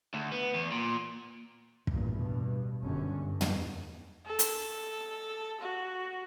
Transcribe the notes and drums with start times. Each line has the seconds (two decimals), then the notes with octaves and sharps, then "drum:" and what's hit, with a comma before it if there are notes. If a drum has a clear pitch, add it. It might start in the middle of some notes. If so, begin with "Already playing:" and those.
0.14 D2
0.32 B3
0.54 E2
0.72 A#2
1.87 A1 E2 G2 A#2, drum: kick
2.17 G2 B2
2.81 G1 F#2 D3 C#4
3.22 G2
3.41 drum: tom
4.26 A4
4.39 drum: hi-hat
5.61 F#4